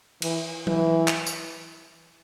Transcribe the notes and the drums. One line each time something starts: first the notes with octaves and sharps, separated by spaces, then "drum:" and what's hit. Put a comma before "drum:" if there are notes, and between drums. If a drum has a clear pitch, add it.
E3, drum: cymbal
E3, drum: tom F#3
drum: clap
drum: tambourine